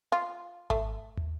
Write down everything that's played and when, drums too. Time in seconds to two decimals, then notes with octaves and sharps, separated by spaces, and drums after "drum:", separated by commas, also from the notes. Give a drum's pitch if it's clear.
0.12 F4
0.70 A3, drum: kick G#1
1.17 drum: tom